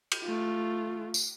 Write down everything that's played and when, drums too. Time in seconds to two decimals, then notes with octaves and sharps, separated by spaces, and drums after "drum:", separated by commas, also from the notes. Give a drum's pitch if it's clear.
0.12 drum: cymbal
0.24 A3 F4
1.14 drum: tambourine